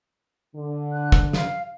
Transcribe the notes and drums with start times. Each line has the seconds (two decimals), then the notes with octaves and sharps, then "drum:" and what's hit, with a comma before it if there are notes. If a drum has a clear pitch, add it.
0.56 D3
0.93 F#6
1.12 drum: kick
1.33 F5, drum: snare